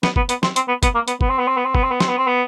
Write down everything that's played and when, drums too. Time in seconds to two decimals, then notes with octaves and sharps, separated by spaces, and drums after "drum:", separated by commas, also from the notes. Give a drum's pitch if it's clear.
0.03 B3, drum: snare
0.16 B3, drum: kick
0.29 B3, drum: hi-hat
0.43 C4, drum: snare
0.56 C4, drum: hi-hat
0.68 B3
0.83 B3, drum: kick, hi-hat
0.95 A#3
1.08 B3, drum: hi-hat
1.21 B3, drum: kick
1.30 C4
1.39 B3
1.47 C4
1.57 B3
1.65 C4
1.75 B3, drum: kick
1.83 C4
1.91 B3
2.00 C4, drum: snare
2.09 B3
2.18 C4
2.27 B3